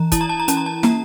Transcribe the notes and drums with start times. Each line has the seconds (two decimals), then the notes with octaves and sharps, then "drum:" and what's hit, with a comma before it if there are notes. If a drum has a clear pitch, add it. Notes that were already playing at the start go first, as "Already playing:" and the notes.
Already playing: E3 A#5
0.12 E4 A5, drum: kick, hi-hat
0.21 A#5
0.29 A5
0.40 A#5
0.48 C#4 A5, drum: hi-hat
0.57 A#5
0.66 A5
0.83 A#3 A#5, drum: snare